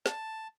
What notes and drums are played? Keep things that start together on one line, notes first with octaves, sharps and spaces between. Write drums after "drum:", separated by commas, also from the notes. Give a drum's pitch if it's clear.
A5, drum: snare